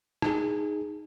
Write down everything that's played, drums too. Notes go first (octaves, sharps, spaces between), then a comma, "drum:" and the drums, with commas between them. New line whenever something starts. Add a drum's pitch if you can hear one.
D#4 G#4, drum: rim click